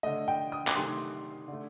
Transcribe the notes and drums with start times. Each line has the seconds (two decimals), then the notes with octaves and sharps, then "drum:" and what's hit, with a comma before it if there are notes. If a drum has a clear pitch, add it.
0.03 D3 A3 D#5
0.28 G5
0.52 D#6
0.67 D6, drum: clap
0.76 C3 D#3 A3 C6
1.48 D3 A3